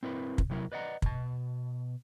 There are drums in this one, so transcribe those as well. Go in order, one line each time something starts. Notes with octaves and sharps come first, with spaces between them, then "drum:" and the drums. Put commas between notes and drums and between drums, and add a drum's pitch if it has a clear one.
C4 E4 A#4 B4
drum: kick
C3 F#3 E4 A#4
B4 D5 D#5 F#5 A#5
B2 A5, drum: kick